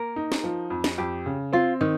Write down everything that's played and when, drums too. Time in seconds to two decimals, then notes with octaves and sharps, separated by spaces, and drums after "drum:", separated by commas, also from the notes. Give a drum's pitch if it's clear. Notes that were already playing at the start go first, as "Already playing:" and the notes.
Already playing: A#3 A#4
0.16 D#4
0.32 drum: snare
0.44 F3
0.70 F2
0.84 drum: snare
0.98 F2 G4
1.26 C#3
1.53 C4 F4
1.81 D#3 D#4